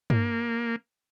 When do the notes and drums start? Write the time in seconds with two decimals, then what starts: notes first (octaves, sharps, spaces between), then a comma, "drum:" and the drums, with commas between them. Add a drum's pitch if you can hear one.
0.10 A#3, drum: tom G2